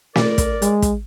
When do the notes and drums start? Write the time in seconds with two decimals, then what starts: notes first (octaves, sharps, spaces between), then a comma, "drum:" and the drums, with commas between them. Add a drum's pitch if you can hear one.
0.15 A#4 D5, drum: snare
0.38 drum: kick, hi-hat
0.62 G#3, drum: hi-hat
0.82 drum: kick, hi-hat